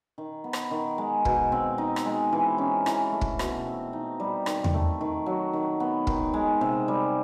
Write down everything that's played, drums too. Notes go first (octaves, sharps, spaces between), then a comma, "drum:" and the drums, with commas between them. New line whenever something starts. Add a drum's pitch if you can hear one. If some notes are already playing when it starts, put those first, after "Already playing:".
D#3
B3
drum: rim click
D#3
G#3
B2, drum: kick
C4
D#4
drum: rim click
G#3
E3
C#4
E3, drum: rim click
A3
drum: kick
B2, drum: rim click
C4
D#4
G3
D#3, drum: rim click
drum: tom E2
A3
D#3
F#3
D#3
B3
D#3, drum: kick
G#3
C3
G3